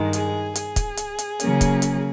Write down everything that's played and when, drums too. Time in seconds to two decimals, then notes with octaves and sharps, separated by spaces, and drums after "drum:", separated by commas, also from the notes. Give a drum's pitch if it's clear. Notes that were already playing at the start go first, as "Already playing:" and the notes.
Already playing: G2 D#3 G#3
0.13 G#4, drum: hi-hat
0.55 G#4, drum: hi-hat
0.76 drum: kick, hi-hat
0.97 drum: hi-hat
1.18 drum: hi-hat
1.40 C#3 F#3 A#3 C#4, drum: hi-hat
1.61 drum: kick, hi-hat
1.82 drum: hi-hat